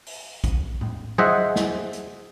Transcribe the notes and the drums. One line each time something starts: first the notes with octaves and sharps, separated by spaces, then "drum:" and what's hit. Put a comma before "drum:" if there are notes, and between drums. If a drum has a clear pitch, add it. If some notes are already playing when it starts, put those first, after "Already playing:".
drum: open hi-hat
drum: kick, hi-hat
drum: tom A2
G#4 C5 D#5 E5 F#5, drum: tom F#3
drum: snare
drum: hi-hat